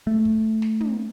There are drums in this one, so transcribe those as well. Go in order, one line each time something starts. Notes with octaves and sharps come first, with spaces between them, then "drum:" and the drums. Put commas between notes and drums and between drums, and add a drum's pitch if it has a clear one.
A3
drum: kick
drum: snare
drum: tom